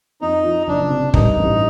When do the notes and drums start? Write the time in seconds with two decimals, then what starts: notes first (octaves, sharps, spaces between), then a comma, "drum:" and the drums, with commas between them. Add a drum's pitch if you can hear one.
0.21 F2 D#4
0.44 F3
0.67 F#1 D4
0.90 C3
1.14 G2 D#4, drum: kick
1.37 A1